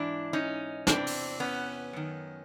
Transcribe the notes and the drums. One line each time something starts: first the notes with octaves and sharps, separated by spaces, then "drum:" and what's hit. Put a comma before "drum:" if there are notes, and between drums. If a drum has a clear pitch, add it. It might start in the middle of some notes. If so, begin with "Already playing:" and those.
Already playing: G#2 E3 D4 E4
C#4 D#4
E2 C3 E3 C4 D4, drum: snare
drum: open hi-hat
B3 C#4
F#2 D#3